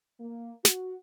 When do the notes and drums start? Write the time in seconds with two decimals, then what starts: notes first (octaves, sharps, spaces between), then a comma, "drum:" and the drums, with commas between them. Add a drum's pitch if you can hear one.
0.20 A#3
0.65 F#4, drum: snare